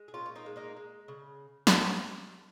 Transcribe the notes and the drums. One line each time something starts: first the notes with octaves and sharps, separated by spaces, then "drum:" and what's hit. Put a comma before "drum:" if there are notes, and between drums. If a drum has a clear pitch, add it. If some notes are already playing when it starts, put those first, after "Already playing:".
Already playing: G#3
G#4
A#2 C#4 F4
C#4
A#3 D#4
G#3
A#3 D#4
G#3
C#3
drum: snare